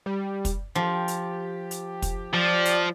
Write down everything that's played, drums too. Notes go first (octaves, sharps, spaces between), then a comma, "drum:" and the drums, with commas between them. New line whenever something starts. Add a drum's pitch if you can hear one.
G3
drum: kick, hi-hat
F3 G4
drum: hi-hat
drum: hi-hat
drum: kick, hi-hat
F3 D5
drum: hi-hat